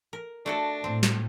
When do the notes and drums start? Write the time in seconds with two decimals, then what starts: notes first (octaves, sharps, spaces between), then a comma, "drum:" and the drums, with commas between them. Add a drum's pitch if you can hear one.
0.13 A#4
0.46 A3 D4 F#4 A4
0.84 A2 C4
1.03 drum: snare